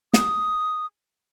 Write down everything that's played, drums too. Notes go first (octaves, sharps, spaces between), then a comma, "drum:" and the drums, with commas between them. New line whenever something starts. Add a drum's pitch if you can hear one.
D#6, drum: snare